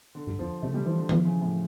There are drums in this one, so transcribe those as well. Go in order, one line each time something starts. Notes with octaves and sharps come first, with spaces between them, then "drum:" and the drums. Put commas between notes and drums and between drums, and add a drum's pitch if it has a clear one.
D3
G2
F2 F3
C#3 A3
G3
E3 F3
D3
E3 F3, drum: tom D#3
C#3
A2